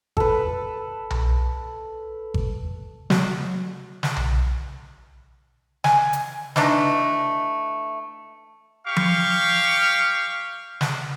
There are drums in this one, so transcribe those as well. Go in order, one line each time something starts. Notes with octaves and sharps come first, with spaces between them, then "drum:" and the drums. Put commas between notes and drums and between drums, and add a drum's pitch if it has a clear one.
A4 B4, drum: kick G#1
drum: tom B1
drum: kick G#1
F#3, drum: snare
drum: snare
drum: tom B1
G#5, drum: snare
drum: hi-hat
E3 A3 D4 D#4, drum: snare
G4 F5 C#6
drum: tom F3
drum: snare